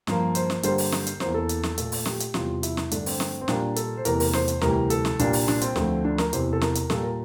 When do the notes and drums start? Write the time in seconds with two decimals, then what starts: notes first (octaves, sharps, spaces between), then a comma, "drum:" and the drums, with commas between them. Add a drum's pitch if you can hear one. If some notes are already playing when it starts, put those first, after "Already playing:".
0.07 G2 F3 A#3, drum: snare
0.35 C5, drum: hi-hat
0.50 drum: snare
0.63 G2 D3 G3 A#3 C5, drum: hi-hat
0.78 drum: open hi-hat
0.92 drum: snare
1.07 drum: hi-hat
1.20 E2 E3 A#3 C5, drum: snare
1.34 A4
1.49 drum: hi-hat
1.63 drum: snare
1.78 A#2 A3, drum: hi-hat
1.92 drum: open hi-hat
2.05 G4, drum: snare
2.20 drum: hi-hat
2.34 E2 C3 G3 F4, drum: snare
2.63 E4, drum: hi-hat
2.77 drum: snare
2.91 G2 D3 A3 D4, drum: hi-hat
3.06 C4, drum: open hi-hat
3.20 drum: snare
3.41 C4
3.48 A#2 G3 A#3 D4, drum: snare
3.76 A4, drum: hi-hat
3.97 C5
4.05 E2 C3 E3 A3 A#4, drum: hi-hat
4.20 A#4, drum: open hi-hat
4.33 C5, drum: snare
4.48 drum: hi-hat
4.61 D2 C3 E3 G3 A#4, drum: snare
4.90 A4, drum: hi-hat
5.05 drum: snare
5.19 C2 A#2 G3 A#3 D4, drum: hi-hat
5.33 drum: open hi-hat
5.48 D4, drum: snare
5.61 C4, drum: hi-hat
5.76 D2 D3 F3 A3, drum: snare
6.05 D4
6.18 A#4, drum: snare
6.33 E2 C3 E3 C5, drum: hi-hat
6.53 A4
6.61 A#4, drum: snare
6.75 drum: hi-hat
6.90 A#2 G3 A#3 A4, drum: snare
7.03 A#4